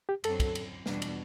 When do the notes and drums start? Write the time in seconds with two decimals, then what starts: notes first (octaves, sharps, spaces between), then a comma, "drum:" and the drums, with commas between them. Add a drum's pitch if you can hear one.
0.09 G4
0.24 F#2 D3 F#3 C4 A4, drum: cymbal
0.40 drum: kick, cymbal
0.55 drum: cymbal
0.86 E2 B2 G3 D4 F#4, drum: snare
1.02 drum: cymbal